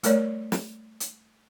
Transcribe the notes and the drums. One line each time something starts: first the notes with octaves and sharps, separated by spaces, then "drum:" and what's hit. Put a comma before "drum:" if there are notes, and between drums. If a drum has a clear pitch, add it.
G3 A3 A#4 C#5 D5, drum: hi-hat
drum: snare
drum: hi-hat